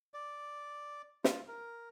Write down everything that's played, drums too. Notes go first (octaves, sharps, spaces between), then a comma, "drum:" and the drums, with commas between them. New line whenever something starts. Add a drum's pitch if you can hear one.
D5
F4, drum: snare
A#4